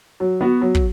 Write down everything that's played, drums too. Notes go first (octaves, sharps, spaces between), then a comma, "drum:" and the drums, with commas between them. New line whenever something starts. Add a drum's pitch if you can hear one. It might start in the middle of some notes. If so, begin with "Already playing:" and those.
F#3
B3 F#4
F#3
drum: kick